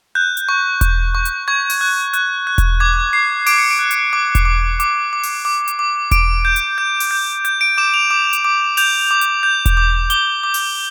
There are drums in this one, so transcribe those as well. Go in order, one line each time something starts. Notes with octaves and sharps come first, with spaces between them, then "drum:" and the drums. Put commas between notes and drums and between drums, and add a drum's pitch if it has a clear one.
F#6 G6
drum: hi-hat
C#6
C#6, drum: kick E1, hi-hat
C#6
drum: hi-hat
C#6 G#6
drum: open hi-hat
F#6
F#6, drum: hi-hat
F#6
drum: kick E1, hi-hat
D6 G#6
D6 C7
D6 D7, drum: open hi-hat
C#7
D7
F#6
drum: hi-hat
D6
drum: kick E1, hi-hat
D6
D6, drum: hi-hat
D6
drum: open hi-hat
D6
drum: hi-hat
D6
D6 D7, drum: kick E1, hi-hat
G6
drum: hi-hat
G6
drum: open hi-hat
G6
G6, drum: hi-hat
D7
D6 E7
F7
D6
drum: hi-hat
D6
G6 F7, drum: open hi-hat
D6
drum: hi-hat
G6
drum: kick E1, hi-hat
D6
D6 G7, drum: hi-hat
D6
drum: open hi-hat